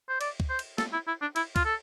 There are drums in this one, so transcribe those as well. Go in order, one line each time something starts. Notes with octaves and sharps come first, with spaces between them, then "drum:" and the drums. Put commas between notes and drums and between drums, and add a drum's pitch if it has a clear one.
C5
D5, drum: cymbal
drum: kick
C5
drum: cymbal
A4, drum: snare
E4
E4
D4
E4, drum: cymbal
F4, drum: kick, cymbal
A4